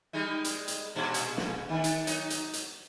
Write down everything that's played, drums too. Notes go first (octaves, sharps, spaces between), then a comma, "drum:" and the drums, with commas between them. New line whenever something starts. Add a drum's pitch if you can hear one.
G3 G#3 D#4
drum: hi-hat
drum: hi-hat
A#2 G#3 D4
drum: hi-hat
drum: snare
D#3 D4
drum: hi-hat
F#3 D#4, drum: hi-hat
drum: hi-hat
drum: hi-hat